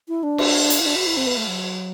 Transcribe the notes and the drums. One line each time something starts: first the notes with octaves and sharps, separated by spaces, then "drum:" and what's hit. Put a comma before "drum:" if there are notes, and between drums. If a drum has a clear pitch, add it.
E4
D4
drum: cymbal
drum: hi-hat
E4
D4
F#4
E4
C4
B3
A3
F#3